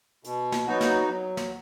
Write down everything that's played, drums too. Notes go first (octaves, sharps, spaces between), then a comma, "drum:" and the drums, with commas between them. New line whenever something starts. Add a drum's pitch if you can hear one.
B2, drum: hi-hat
drum: snare
F#3 B3 D#4 F#4
drum: snare
F#3
drum: snare